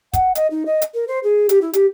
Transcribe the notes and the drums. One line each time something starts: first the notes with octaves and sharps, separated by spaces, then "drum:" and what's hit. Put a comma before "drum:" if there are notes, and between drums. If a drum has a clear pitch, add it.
F#5, drum: kick, hi-hat
D#5, drum: hi-hat
D#4
D#5
drum: hi-hat
A#4
C5
G#4
G4, drum: hi-hat
E4
G4, drum: hi-hat